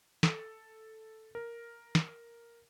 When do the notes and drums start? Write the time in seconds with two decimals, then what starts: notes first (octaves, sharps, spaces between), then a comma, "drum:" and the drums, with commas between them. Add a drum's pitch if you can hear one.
0.23 A4, drum: snare
1.35 A#4
1.95 drum: snare